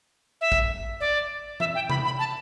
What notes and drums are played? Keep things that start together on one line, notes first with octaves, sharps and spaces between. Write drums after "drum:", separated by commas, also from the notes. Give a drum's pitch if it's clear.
E5
drum: kick A1
D5
E5, drum: tom E3
G5
B5, drum: tom C3
B5
A5